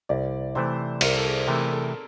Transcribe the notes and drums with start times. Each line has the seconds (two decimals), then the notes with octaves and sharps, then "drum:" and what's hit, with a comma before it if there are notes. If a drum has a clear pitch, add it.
0.09 C2 D5
0.55 C3 E3 A3 C5
1.01 C2 A#4, drum: cymbal
1.14 A4
1.24 G#4
1.47 C3 E3 A3 A#4
1.70 A4